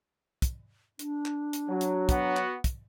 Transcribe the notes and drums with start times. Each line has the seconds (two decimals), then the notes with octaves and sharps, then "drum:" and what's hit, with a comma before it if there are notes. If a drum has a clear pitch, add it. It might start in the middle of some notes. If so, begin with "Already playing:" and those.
0.42 drum: kick, hi-hat
0.99 D4, drum: hi-hat
1.26 drum: clap
1.53 drum: hi-hat
1.68 F#3
1.81 drum: hi-hat
2.09 B3 F#4, drum: kick, hi-hat
2.37 drum: clap
2.64 drum: kick, hi-hat